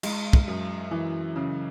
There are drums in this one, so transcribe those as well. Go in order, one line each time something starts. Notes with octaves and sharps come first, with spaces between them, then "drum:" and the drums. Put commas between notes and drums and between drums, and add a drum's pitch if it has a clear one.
G#3, drum: cymbal
drum: kick
F#2
E3
C#3